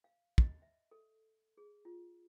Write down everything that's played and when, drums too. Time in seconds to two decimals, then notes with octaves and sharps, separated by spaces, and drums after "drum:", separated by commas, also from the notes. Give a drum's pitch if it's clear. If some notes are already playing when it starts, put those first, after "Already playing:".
0.04 F5
0.38 D#5, drum: kick
0.62 E5
0.91 A4
1.57 G#4
1.85 F4